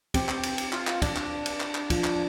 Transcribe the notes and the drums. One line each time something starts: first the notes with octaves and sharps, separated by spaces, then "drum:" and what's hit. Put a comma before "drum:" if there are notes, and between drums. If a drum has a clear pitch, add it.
C4 G4, drum: kick, cymbal
drum: clap
drum: cymbal
drum: cymbal
F4, drum: clap
drum: clap
D4, drum: kick, cymbal
drum: clap
drum: cymbal
drum: clap
drum: clap
F3, drum: kick, cymbal
drum: clap